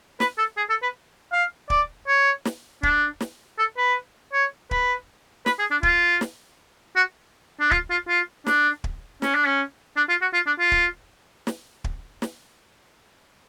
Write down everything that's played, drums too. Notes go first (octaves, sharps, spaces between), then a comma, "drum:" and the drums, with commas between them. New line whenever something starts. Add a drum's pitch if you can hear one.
B4, drum: snare
A4
G#4
A4
B4
F5
D5, drum: kick
C#5
drum: snare
D4, drum: kick
drum: snare
A4
B4
C#5
B4, drum: kick
B4, drum: snare
G#4
D4
F4, drum: kick
drum: snare
F#4
D4
F4, drum: kick
F4
F4
D4, drum: snare
drum: kick
C#4, drum: snare
D4
C#4
D4
F4
F#4
F4
D4
F4
drum: kick
drum: snare
drum: kick
drum: snare